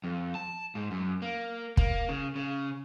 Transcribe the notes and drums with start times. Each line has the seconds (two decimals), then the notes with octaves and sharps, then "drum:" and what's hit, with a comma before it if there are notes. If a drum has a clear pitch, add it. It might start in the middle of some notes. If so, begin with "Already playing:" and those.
0.04 F2
0.35 A5
0.75 G#2
0.91 F#2
1.22 A#3
1.77 A#3, drum: kick
2.09 C#3
2.36 C#3